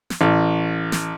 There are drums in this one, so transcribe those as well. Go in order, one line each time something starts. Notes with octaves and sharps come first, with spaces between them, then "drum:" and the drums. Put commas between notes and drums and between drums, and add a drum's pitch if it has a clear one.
drum: snare
A1
drum: snare